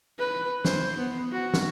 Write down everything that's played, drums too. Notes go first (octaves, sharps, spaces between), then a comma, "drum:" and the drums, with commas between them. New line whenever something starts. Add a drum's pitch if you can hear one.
B4
C5, drum: snare
B3
F#4
drum: snare